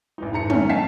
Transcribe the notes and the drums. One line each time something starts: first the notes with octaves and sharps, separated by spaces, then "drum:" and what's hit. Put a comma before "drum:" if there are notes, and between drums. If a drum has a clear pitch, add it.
A1 E3 D#4
E1 G#2 A#5 C#7
D3 D#3 A3 A#3 C#4, drum: tom
D#5 F5 G#5 A5 B6 C7